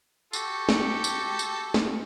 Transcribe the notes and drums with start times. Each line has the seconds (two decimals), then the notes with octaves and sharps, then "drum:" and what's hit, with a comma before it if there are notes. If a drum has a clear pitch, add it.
0.33 F#4 G4 A4, drum: tambourine
0.69 drum: snare
1.04 drum: tambourine
1.39 drum: tambourine
1.74 drum: snare